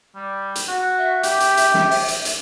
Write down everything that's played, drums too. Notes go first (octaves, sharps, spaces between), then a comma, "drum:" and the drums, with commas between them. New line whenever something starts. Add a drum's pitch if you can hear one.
G3
drum: hi-hat
F#4
E5
G4, drum: hi-hat
drum: hi-hat
drum: hi-hat
drum: snare
drum: open hi-hat
drum: hi-hat
drum: hi-hat